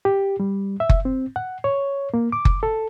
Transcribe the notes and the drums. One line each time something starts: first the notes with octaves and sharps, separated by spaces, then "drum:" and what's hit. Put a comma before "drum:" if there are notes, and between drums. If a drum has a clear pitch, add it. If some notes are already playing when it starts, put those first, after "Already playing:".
G4
G3
E5
drum: kick F#1
C4
F#5
C#5
A#3
D6
drum: kick F#1
A4